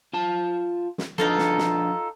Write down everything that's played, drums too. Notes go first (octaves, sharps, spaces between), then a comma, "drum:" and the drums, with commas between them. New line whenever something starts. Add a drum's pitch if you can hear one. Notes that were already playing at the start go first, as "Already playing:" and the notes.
F4 A5
drum: snare
F3 D4 D#4 F4 A4 B4
drum: snare
drum: snare